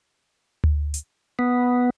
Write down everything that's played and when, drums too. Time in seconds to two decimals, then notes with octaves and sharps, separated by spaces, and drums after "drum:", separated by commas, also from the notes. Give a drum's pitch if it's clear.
0.64 drum: tom D2
0.94 drum: hi-hat
1.39 B3